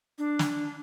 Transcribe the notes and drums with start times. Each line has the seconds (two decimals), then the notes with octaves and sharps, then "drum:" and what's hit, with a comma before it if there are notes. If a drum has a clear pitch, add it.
0.18 D4
0.39 drum: snare